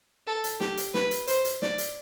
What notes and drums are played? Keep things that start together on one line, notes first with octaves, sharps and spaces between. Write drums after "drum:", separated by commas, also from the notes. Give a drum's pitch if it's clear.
A4
drum: hi-hat
G4, drum: snare
drum: hi-hat
B4, drum: snare
drum: hi-hat
C5, drum: hi-hat
drum: hi-hat
D5, drum: snare
drum: hi-hat